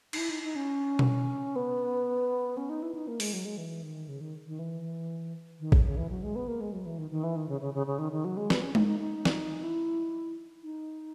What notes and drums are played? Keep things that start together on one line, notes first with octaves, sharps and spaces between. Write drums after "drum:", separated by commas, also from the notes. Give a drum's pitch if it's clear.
D#4, drum: cymbal
E4
D#4
D#4
C#4
drum: tom B2
B3
C#4
D#4
E4
D#4
A#3
G#3, drum: open hi-hat
F#3
G#3
E3
D#3
C#3
D#3
D#3
E3
D#3
C#3, drum: kick A1
C#3
E3
F#3
G#3
B3
A#3
G#3
F#3
E3
D#3
D#3
E3
D#3
C#3
C#3
C#3
C#3
D#3
D#3
F#3
G#3
B3, drum: snare
C#4
D#4, drum: tom G#3
D#4
D#4
drum: snare
E4
D#4